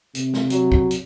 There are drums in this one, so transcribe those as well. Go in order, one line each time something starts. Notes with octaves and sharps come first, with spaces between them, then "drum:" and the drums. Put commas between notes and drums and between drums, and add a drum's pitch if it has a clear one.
C3, drum: hi-hat
drum: snare
F#3, drum: hi-hat
drum: kick
drum: hi-hat